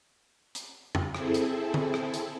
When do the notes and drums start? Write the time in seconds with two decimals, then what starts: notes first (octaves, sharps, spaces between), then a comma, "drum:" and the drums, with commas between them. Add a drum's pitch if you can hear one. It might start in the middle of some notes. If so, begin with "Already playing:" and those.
0.55 drum: hi-hat
0.95 drum: tom F2
1.15 C4 E4 G#4 A4, drum: rim click
1.34 drum: hi-hat
1.74 drum: tom D3
1.94 drum: rim click
2.14 drum: hi-hat